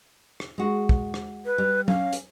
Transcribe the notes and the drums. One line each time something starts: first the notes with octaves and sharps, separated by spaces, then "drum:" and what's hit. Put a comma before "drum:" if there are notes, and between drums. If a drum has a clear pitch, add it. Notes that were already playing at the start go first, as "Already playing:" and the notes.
drum: rim click
G#3 F#4
drum: kick
drum: rim click
B4
G3
C#4 F5, drum: tom F#3
drum: hi-hat